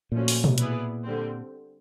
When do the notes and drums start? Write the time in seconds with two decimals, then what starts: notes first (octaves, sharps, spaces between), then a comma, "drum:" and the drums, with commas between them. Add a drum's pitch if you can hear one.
0.12 A#2 F3 A3 C#4 F#4
0.28 drum: open hi-hat
0.44 drum: tom B2
0.58 B3 E4 G#4 B4 D5, drum: hi-hat
1.05 D3 G3 C4